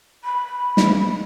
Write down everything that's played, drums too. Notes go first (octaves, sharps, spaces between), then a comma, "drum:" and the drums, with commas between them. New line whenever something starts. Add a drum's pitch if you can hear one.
B5
drum: snare